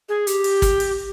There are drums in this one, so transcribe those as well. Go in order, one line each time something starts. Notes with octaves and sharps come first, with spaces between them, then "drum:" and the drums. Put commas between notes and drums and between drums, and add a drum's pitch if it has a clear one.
G#4
G4, drum: hi-hat
drum: open hi-hat
drum: kick, hi-hat
drum: open hi-hat